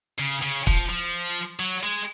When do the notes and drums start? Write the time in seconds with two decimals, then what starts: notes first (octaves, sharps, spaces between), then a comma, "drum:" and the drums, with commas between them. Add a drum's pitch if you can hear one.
0.19 C#3
0.42 C#3
0.67 F3, drum: kick
0.90 F3
1.60 F#3
1.84 G#3